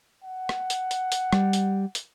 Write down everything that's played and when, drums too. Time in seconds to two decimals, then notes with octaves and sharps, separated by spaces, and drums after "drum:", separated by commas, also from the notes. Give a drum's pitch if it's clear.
0.24 F#5
0.49 drum: rim click
0.70 drum: hi-hat
0.91 drum: hi-hat
1.12 drum: hi-hat
1.33 G3, drum: rim click
1.53 drum: hi-hat
1.95 drum: hi-hat